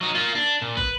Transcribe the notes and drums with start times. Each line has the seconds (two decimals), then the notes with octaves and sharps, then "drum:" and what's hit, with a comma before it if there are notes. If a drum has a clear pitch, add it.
0.01 F#3 D#4
0.14 A#3 F4
0.35 D4
0.62 A#2
0.77 B4, drum: kick